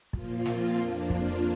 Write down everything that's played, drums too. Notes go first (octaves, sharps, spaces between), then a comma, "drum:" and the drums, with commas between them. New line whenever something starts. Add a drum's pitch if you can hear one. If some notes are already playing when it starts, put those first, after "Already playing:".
A#2 F3 A#3 F4, drum: kick
C4, drum: snare
F2 F3 A#3 D4
F3 F4, drum: kick